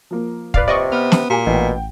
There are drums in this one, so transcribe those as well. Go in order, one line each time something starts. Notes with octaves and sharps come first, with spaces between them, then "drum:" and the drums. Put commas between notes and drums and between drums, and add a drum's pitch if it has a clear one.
F3 A#3
B4 D5 F5, drum: kick
C3 D5 D#5 C#6
B3 F6
drum: snare
A#2 G4 G#5
A1 B2 F#5 G5